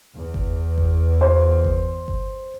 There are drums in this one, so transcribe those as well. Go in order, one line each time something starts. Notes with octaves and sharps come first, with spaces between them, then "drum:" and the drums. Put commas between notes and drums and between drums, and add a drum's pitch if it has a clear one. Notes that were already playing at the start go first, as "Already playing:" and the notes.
E2
drum: kick G1
drum: kick G1
C5
drum: kick G1
drum: kick G1